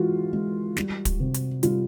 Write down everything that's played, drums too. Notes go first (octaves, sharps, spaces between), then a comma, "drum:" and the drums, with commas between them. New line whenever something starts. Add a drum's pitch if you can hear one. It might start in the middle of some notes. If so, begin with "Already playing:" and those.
Already playing: E3 G#3 F4 F#4
G#3
G3, drum: snare
drum: kick, hi-hat
C3
drum: hi-hat
G3 F4, drum: hi-hat